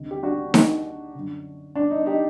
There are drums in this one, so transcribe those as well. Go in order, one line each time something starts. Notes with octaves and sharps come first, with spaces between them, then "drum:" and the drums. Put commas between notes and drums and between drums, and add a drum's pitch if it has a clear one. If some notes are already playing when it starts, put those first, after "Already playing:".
Already playing: D2 C3 D#3
G4
D4 F#4
D#4, drum: snare D#4
F#2 D3
D4
D#4
D#4 G4